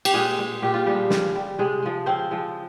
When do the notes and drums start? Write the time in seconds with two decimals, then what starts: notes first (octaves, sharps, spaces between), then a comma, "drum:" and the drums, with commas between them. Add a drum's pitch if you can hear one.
0.05 G4, drum: cymbal
0.14 A#2 G#3 G#4
0.39 G#3
0.62 A#2 G4
0.74 F4
0.86 F3 G3 G#3 G4
1.10 C#3, drum: snare
1.35 G3
1.59 C3 G#3 G#4
1.82 F3 G#3
2.06 C#3 C4 C5
2.31 F3 G#3